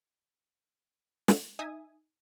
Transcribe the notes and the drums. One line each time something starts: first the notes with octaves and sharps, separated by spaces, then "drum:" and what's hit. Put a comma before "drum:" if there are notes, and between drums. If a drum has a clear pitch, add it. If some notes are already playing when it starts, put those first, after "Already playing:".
drum: snare
D#4 E5 G#5 D#6